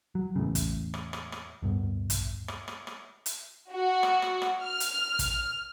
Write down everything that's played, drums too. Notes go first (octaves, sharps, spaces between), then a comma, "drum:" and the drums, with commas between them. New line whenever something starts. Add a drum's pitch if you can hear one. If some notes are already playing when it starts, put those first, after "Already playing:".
F#3
E2 A2 C#3
drum: kick, hi-hat
drum: rim click
drum: rim click
drum: rim click
D1 G2 B2
drum: kick, hi-hat
drum: rim click
drum: rim click
drum: rim click
drum: hi-hat
F#4
drum: rim click
drum: rim click
drum: rim click
F6
drum: hi-hat
drum: kick, hi-hat